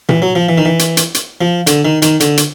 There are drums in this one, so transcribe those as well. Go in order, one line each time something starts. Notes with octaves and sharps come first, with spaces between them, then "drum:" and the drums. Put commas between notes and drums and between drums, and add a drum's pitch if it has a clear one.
E3, drum: tom A#2
F#3
F3
E3
D#3
E3
drum: hi-hat
drum: hi-hat
drum: hi-hat
F3
D3, drum: hi-hat
D#3
D#3, drum: hi-hat
D3, drum: hi-hat
drum: hi-hat